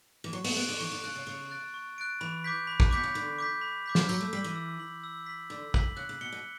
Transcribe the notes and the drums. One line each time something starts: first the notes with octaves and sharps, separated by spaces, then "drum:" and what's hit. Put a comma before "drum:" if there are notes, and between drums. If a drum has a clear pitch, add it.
E3
F#3 C#6
B3, drum: open hi-hat
B3 F#6 A6 D7
D3
E3 C#6
D3
C#3 F#6 A6 D7
C#3
C#3 C#6
F#6 A6 D7
C#6
F#6 A6 D7
E3 B5
D6 G6 B6
B5
drum: kick
B2 D6 G6 B6
C#3
D3 B5
D6 G6 B6
B5
D6 G6 B6
drum: snare
F#3 E6, drum: tambourine
A3
G3 B6 F#7
E3
E6
B6 F#7
E6
B6 F#7
D3 E6
B6 F#7, drum: kick
C#3 F#6
C#3
B2 C#7 G7
B2